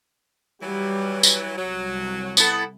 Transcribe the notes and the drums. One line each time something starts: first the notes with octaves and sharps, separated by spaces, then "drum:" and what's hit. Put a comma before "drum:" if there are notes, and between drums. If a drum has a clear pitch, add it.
E3 F#3 G3
drum: tambourine
C2 F#3
B3 E4 A4, drum: tambourine